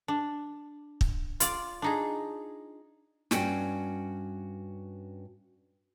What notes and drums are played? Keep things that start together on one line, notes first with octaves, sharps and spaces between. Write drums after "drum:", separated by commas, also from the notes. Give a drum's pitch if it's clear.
D4
drum: kick
F4 D5, drum: hi-hat
D4 D#4 G#4
G2 C#4 F#4 G5 G#5, drum: snare